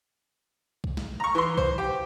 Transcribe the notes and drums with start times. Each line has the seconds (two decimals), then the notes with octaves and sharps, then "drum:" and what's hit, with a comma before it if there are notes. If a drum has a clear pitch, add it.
0.84 drum: kick B1
0.97 drum: snare
1.20 A#5 C#6
1.35 E3 C6
1.58 C5, drum: kick B1
1.78 G4